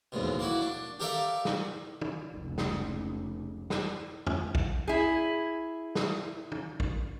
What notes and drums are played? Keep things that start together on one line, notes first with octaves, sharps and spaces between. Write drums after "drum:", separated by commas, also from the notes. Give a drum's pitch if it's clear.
A1 D#2 G#2 B2
A#3 E4 F#4
D4
G4 A4 A#4 D5 E5 F5
drum: snare
drum: tom
F1 C#2
drum: snare
drum: snare
drum: tom
drum: kick A#1
E4 G#4
drum: snare
drum: tom
drum: kick A#1